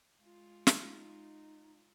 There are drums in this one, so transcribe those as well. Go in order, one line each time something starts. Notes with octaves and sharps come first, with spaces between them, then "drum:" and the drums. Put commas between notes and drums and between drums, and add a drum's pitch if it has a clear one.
G#3 F4
D#4, drum: snare